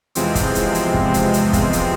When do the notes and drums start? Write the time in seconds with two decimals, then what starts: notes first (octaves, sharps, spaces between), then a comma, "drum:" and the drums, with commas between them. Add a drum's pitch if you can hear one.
0.15 E2 C3 F3 G#3 C4, drum: hi-hat
0.35 drum: kick, hi-hat
0.55 drum: hi-hat
0.75 drum: hi-hat
0.94 drum: kick
1.14 drum: hi-hat
1.34 drum: hi-hat
1.53 drum: kick, hi-hat
1.73 drum: hi-hat